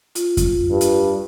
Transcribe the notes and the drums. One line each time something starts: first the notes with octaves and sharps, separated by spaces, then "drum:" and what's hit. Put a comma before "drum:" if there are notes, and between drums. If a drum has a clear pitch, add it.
F4, drum: hi-hat
drum: kick F2, hi-hat
G2
drum: hi-hat